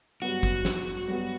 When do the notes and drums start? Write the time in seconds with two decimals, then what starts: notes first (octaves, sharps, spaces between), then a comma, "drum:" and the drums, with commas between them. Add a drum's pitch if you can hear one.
0.22 G2 F#3 B3 F#4
0.43 drum: kick G#1
0.65 drum: snare
1.08 G2 F#3 B3